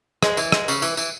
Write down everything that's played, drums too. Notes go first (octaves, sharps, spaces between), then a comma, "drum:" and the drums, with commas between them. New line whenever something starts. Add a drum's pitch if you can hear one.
G#3, drum: rim click
E3, drum: tambourine
G#3, drum: rim click
C#3, drum: tambourine
E3, drum: tambourine
E3, drum: tambourine